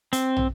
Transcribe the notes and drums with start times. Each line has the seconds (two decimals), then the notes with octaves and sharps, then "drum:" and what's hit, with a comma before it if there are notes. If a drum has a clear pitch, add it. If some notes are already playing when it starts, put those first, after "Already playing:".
0.13 C4, drum: hi-hat
0.37 drum: tom